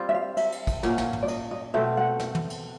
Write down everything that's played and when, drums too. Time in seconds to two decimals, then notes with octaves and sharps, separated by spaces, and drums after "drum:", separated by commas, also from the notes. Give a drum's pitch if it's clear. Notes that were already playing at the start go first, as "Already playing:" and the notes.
Already playing: G3 C4 F4
0.09 E5
0.15 F5
0.37 E5, drum: cymbal
0.52 drum: cymbal
0.67 drum: kick, cymbal
0.83 A#2 F#3 A#3 C#4, drum: snare
0.98 drum: snare
1.13 drum: tom
1.23 D5
1.28 D#5, drum: cymbal
1.51 D#5
1.74 B2 F#3 A3 C4 E5
1.97 F#5
2.20 drum: snare
2.35 drum: tom
2.50 drum: cymbal